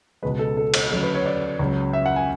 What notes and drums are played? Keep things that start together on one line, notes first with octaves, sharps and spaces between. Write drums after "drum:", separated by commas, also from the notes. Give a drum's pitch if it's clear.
C#2 B2 G#3 B4
A4
A4
A4, drum: cymbal
D2 C#3 F#3 A4
B4
C#5
D5
C#2 C#3 F#3
E5
F#5
G#5